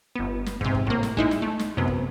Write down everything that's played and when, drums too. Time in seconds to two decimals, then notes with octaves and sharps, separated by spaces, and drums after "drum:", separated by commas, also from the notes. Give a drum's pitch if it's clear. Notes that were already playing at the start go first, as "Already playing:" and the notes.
0.16 G1 B3
0.46 drum: snare
0.61 G#2 C3, drum: kick
0.75 drum: kick
0.87 A2 A#3, drum: kick
1.03 drum: snare
1.17 G#3 D#4 E4, drum: kick
1.31 drum: snare
1.42 A3
1.59 drum: snare
1.77 F#2 C3 B3
1.88 drum: kick